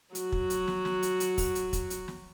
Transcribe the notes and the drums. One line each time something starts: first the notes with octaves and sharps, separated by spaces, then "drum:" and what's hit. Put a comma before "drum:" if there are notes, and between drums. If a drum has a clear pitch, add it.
F#3 F#4, drum: hi-hat
drum: kick
drum: hi-hat
drum: snare
drum: snare
drum: hi-hat
drum: hi-hat
drum: kick, open hi-hat
drum: hi-hat
drum: kick, hi-hat
drum: hi-hat
drum: snare